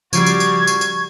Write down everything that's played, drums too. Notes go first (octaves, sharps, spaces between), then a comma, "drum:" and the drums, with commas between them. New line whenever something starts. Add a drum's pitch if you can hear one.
C#3 F3 G3 F#4 C#6 G#6 C7, drum: tambourine
drum: tambourine
drum: tambourine
drum: tambourine
drum: tambourine